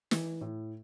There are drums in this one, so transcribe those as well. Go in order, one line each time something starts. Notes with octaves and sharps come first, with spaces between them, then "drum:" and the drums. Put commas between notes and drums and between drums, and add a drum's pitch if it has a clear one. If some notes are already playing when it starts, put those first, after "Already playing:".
E3, drum: snare
A2